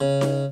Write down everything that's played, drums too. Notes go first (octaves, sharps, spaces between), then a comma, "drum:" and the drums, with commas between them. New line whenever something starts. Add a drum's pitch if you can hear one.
C#3
drum: snare D#4